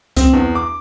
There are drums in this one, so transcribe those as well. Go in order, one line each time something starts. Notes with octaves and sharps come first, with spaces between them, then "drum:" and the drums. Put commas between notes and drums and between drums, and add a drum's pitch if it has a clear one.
C4, drum: kick C2, hi-hat
E2
D6